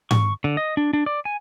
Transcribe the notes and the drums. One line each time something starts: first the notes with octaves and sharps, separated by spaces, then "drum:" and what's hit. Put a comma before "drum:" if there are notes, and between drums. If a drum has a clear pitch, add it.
C#6, drum: tom G#2
D3
D#5
D4
D4
D5
G#5